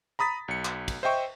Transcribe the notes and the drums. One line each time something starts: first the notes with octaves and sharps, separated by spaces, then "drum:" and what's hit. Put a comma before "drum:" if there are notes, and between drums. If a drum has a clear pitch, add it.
A#5 B5 D#6 A6 B6
B1 C#7
drum: clap
drum: kick, cymbal
C5 D#5 E5 G5 C#6